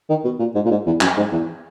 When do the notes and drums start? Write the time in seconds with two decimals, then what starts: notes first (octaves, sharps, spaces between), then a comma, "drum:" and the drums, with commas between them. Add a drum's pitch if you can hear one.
0.09 D#3
0.24 B2
0.39 A#2
0.55 G#2
0.65 A#2
0.71 G#2
0.87 E2
1.01 F#2, drum: clap
1.17 G#2
1.32 E2